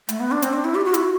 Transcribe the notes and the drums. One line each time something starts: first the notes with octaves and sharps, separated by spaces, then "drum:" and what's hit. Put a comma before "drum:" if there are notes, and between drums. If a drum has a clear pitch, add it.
A3, drum: hi-hat
B3
D4
C4, drum: hi-hat
D4
E4
G4
F#4
E4, drum: hi-hat
F#4